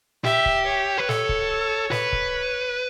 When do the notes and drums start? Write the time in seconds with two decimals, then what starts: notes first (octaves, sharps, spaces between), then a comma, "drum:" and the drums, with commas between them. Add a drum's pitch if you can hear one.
0.24 G4 E5, drum: snare
0.46 drum: kick C#1
0.67 C#5
0.98 B4
1.09 A4, drum: snare
1.29 drum: kick C#1
1.91 B4, drum: snare
2.12 drum: kick C#1